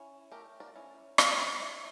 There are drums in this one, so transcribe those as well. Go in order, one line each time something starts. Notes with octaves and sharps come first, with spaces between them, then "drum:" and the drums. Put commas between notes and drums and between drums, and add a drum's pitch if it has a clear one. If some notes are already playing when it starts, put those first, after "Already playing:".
Already playing: C#4 E4
A3 G4 A#4
A#4 D5
C#4 E4
A3 F5 A5, drum: rim click
E5 G5
E4 C#5 E5